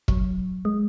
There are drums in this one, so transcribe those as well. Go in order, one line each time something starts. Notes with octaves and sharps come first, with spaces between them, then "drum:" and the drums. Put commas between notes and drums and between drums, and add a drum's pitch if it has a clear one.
F#3, drum: kick
G#3